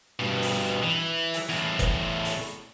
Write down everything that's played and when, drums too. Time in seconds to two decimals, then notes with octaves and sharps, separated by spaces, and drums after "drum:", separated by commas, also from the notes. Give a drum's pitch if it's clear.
0.20 G2 B2
0.42 drum: open hi-hat
0.83 E3
1.33 drum: open hi-hat
1.50 E2 A2
1.79 drum: kick F#1, hi-hat
2.25 drum: open hi-hat